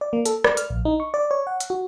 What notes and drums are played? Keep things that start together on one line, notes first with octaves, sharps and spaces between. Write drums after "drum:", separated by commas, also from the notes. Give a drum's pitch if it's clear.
D5
A#3
A4, drum: hi-hat
D5, drum: rim click
F6, drum: hi-hat
A#1
D#4
C#6
D5
C#5
F#5
drum: hi-hat
F#4